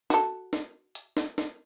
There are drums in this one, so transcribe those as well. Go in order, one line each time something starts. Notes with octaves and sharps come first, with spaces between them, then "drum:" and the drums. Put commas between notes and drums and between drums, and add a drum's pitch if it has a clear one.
F#4 A4, drum: snare
drum: snare
drum: hi-hat
drum: snare
drum: snare